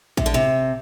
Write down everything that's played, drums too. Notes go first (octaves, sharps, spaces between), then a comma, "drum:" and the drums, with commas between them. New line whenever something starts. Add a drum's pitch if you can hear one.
C3, drum: kick
D3
C3